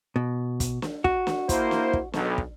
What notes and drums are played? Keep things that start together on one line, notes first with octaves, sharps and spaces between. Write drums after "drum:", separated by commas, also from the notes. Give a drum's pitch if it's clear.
B2
drum: kick, hi-hat
drum: snare
F#4, drum: kick
drum: snare
A#3 E4 C5, drum: kick, hi-hat
drum: snare
drum: kick
B1, drum: snare
drum: kick